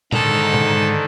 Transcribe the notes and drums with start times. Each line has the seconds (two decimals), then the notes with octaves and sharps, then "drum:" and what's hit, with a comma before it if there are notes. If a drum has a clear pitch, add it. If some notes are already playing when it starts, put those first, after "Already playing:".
0.12 G#2 D3 D#3 A4 A#5, drum: tom
0.54 drum: tom